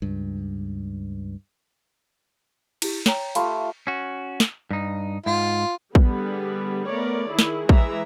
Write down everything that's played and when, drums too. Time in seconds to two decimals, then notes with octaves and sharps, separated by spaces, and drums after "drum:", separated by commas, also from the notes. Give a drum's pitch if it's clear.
0.02 C#2 G2
2.82 E4 G4, drum: cymbal
3.06 C#5 G5 A#5, drum: snare
3.35 A3 F4 G4 F5 B5 C6, drum: hi-hat
3.87 C#4 F#4
4.40 drum: snare
4.71 G2 D#4
5.26 G#2 F4
5.95 D3 G3 B3 G#4, drum: kick
6.87 A3 B3 A#4 C#5 D5
7.29 D#3 E4 G#4
7.39 drum: snare
7.69 E3 G#3 E5 A#5, drum: kick